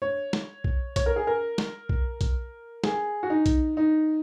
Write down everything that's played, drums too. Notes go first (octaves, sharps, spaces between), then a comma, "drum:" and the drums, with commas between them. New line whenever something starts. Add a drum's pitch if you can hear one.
C#5
drum: snare
drum: kick B1
C#5, drum: kick B1, hi-hat
A#4
G#4
A#4
drum: snare
drum: kick B1
drum: kick B1, hi-hat
G#4, drum: snare
F#4
D#4
drum: kick B1, hi-hat
D#4